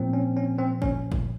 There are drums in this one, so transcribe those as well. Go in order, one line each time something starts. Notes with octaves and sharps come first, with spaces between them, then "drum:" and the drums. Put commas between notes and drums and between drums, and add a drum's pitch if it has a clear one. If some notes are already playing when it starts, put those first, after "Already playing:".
Already playing: A#2 F3 C4
C#4
C#4
C4
C#4, drum: kick
drum: kick